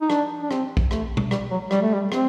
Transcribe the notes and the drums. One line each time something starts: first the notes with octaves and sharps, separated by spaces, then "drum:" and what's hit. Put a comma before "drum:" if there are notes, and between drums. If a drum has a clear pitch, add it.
D#4
D4, drum: rim click
D4
C4, drum: rim click
drum: kick A#1
A3, drum: rim click
drum: tom B2
G3, drum: rim click
F#3
G3, drum: rim click
A3
G3
C4, drum: rim click